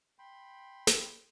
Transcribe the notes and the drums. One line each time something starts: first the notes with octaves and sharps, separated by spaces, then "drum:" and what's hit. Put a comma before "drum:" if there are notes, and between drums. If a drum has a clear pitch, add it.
G5 B5 C6
drum: snare